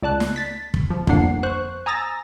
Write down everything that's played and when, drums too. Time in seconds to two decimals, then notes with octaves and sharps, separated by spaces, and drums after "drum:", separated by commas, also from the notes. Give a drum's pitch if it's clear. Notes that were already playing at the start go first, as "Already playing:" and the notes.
0.02 C#2 D5 A5 F#6
0.20 drum: snare
0.36 A6 B6
0.74 drum: kick
0.90 F3
1.07 G1 F2 A#3 D4 F#5 C7, drum: kick
1.43 C5 C#6 F#6
1.86 G#5 A#5 D#6 E6 A6 A#6